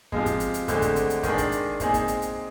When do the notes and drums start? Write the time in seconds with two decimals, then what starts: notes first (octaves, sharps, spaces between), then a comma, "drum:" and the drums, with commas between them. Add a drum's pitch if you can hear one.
0.12 C3 F3 G#3, drum: kick
0.26 drum: kick, hi-hat
0.40 drum: hi-hat
0.54 drum: hi-hat
0.68 D2 D3 G#3 C4, drum: kick, hi-hat
0.82 drum: kick, hi-hat
0.96 drum: hi-hat
1.10 drum: hi-hat
1.23 D#3 G#3 D4, drum: kick, hi-hat
1.38 drum: kick, hi-hat
1.52 drum: hi-hat
1.80 A#2 G#3 C4 D#4 G#4, drum: kick, hi-hat
1.94 drum: kick, hi-hat
2.08 drum: hi-hat
2.22 drum: hi-hat